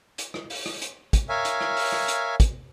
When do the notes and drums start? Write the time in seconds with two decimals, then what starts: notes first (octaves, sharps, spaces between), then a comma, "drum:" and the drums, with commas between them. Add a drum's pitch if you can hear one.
0.18 drum: hi-hat
0.34 drum: rim click
0.50 drum: open hi-hat
0.66 drum: rim click
0.82 drum: hi-hat
1.13 drum: kick, hi-hat
1.29 A#4 C#5 E5 F5 G#5
1.45 drum: hi-hat
1.61 drum: rim click
1.76 drum: open hi-hat
1.92 drum: rim click
2.08 drum: hi-hat
2.40 drum: kick, hi-hat